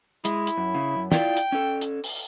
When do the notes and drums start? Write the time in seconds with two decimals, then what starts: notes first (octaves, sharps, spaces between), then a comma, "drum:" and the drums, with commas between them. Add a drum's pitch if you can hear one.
0.25 G#3 E4, drum: hi-hat
0.47 drum: hi-hat
0.58 F#2
0.75 C#3
0.95 F#2
1.12 E4 F4 D5 G5, drum: snare
1.37 drum: hi-hat
1.52 C#4 A4
1.81 drum: hi-hat
2.04 drum: open hi-hat